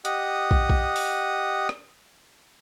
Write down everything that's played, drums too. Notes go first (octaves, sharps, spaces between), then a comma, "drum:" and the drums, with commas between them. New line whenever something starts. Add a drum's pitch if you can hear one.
G4 D#5 F#5 D#6, drum: hi-hat
drum: kick
drum: kick
drum: open hi-hat
drum: rim click